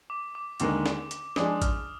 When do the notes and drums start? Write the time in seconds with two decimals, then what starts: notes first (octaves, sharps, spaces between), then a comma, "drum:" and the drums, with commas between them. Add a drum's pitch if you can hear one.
0.10 D6
0.35 D6
0.60 D#2 D3 G#3 D#4 A#4 D6, drum: hi-hat
0.86 drum: snare
1.11 drum: hi-hat
1.36 F3 G#3 D4 G#4 D#6, drum: snare
1.62 F6, drum: kick G#1, hi-hat